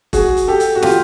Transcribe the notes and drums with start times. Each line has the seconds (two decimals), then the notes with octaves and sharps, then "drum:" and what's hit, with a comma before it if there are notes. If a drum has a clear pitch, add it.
0.13 F#4 G#4, drum: kick E1, hi-hat
0.37 drum: hi-hat
0.48 G4 A4
0.60 drum: hi-hat
0.75 F#4
0.82 F4 G4, drum: snare